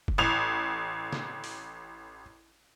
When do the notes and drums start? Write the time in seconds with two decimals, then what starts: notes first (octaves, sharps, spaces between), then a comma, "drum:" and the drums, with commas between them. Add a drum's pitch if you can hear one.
0.08 drum: kick F1
0.18 A1 F7
1.12 drum: snare
1.44 drum: open hi-hat